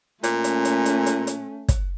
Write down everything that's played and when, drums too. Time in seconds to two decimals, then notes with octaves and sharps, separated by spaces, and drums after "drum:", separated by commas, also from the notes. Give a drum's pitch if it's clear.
0.24 A#2 A3 C#4, drum: hi-hat
0.44 drum: hi-hat
0.65 drum: hi-hat
0.86 drum: hi-hat
1.06 drum: hi-hat
1.27 drum: hi-hat
1.69 drum: kick, hi-hat